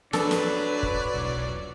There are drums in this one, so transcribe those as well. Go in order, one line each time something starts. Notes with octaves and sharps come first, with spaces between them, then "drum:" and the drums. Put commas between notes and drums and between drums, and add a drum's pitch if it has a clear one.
F#3 D4 A4 B4 D5, drum: snare
drum: snare
drum: kick
E1 B1